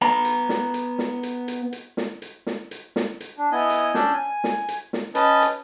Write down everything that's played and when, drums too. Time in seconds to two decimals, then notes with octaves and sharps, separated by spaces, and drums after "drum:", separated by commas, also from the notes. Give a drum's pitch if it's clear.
0.02 B3 A#5 B5
0.25 drum: hi-hat
0.49 drum: snare
0.74 drum: hi-hat
0.99 drum: snare
1.23 drum: hi-hat
1.48 drum: hi-hat
1.73 drum: hi-hat
1.97 drum: snare
2.22 drum: hi-hat
2.47 drum: snare
2.71 drum: hi-hat
2.96 drum: snare
3.20 drum: hi-hat
3.38 D4
3.52 B3 E4 D#5 G#5
3.70 drum: hi-hat
3.94 C#4 D4 D5 E6 G6, drum: snare
4.13 G#5
4.44 drum: snare
4.68 drum: hi-hat
4.93 drum: snare
5.15 C#4 B4 D#5 A5, drum: hi-hat
5.42 drum: hi-hat